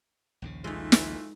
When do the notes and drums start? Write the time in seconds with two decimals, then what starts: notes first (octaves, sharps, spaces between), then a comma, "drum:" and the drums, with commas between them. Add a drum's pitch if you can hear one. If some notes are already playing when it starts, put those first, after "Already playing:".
0.42 A#1 D#2 C#3
0.64 E3 G#3 A3 D#4 F4
0.92 drum: snare